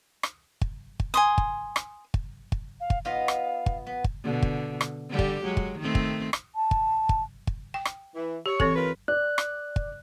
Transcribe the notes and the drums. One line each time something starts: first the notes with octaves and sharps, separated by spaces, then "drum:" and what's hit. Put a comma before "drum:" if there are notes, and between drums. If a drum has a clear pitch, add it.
drum: rim click
drum: kick
drum: kick
G#5 C6 D#6
drum: kick
drum: rim click
drum: kick
drum: kick
F5
drum: kick
B3 F4 D#5 F5
drum: rim click
drum: kick
B3
drum: kick
B2 D3
drum: kick
drum: rim click
D3 G3 G4
drum: kick
F#3 G#3
drum: kick
D#3 A3 C4
drum: kick
drum: rim click
A5
drum: kick
drum: kick
drum: kick
G5
drum: rim click
E3
G4 C#5
E3 C4 A4, drum: kick
F4 A#4 B4
D5 F#6
drum: rim click
drum: kick